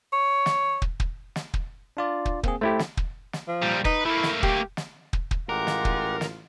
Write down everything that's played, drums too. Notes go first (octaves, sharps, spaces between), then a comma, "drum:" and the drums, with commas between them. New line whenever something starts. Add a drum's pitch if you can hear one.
C#5
drum: snare
drum: kick
drum: kick
drum: snare
drum: kick
D4 F4 D5
drum: kick
A#3 C4 G#4, drum: kick
A3 E4 G4 C5
drum: snare
drum: kick
drum: snare
F3
A#2 G3
D#4 B4, drum: kick
A3 A#3 E4
drum: snare
G4, drum: kick
drum: snare
drum: kick
drum: kick
A1 G#3 F4 G4 A#4 F#5
drum: snare
drum: kick
drum: snare